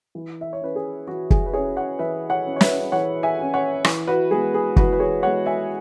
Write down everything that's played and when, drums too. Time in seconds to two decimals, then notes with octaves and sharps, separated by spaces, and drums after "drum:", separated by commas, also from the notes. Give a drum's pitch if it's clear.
0.15 E3
0.41 E5
0.53 C#5
0.61 C#4 E4 B4
0.76 G#4
1.08 E3 F#4
1.30 G#4, drum: kick
1.46 B4
1.53 C#4 E4 G#4 C#5
1.77 C#5 F#5
1.99 E3 B4 E5
2.30 C#5 F#5
2.46 C#4 E4
2.56 C#5
2.61 B4 E5, drum: snare
2.92 E3 C#5 F#5
3.23 E5 G#5
3.38 C#4 E4
3.54 C#5 F#5
3.84 E3, drum: rim click
4.08 F#4 B4
4.31 G#3 B3 G#4
4.54 G#4
4.76 E3 F#4 B4, drum: kick
4.93 B4
5.00 G#4 C#5
5.23 G#3 B3 C#5 F#5
5.46 E5 G#5